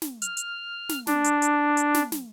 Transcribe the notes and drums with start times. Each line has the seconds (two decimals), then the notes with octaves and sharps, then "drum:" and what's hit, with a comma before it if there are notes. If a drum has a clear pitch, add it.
0.02 drum: snare
0.22 F6, drum: hi-hat
0.37 drum: hi-hat
0.89 drum: snare
1.07 D4, drum: snare
1.24 drum: hi-hat
1.42 drum: hi-hat
1.77 drum: hi-hat
1.94 drum: snare
2.12 drum: snare